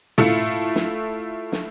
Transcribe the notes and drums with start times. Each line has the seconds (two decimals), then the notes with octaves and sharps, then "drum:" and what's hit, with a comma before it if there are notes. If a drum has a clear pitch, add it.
0.18 A3 E4 F4 C#7, drum: tom
0.75 drum: snare
1.52 drum: snare